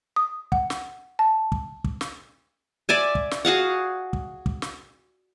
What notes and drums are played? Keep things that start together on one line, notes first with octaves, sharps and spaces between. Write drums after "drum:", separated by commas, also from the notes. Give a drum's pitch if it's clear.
D#6
F#5, drum: kick
drum: snare
A5
drum: kick
drum: kick
drum: snare
D5 E5 G#5
drum: kick
drum: snare
F#4 G#4 F5 F#5
drum: kick
drum: kick
drum: snare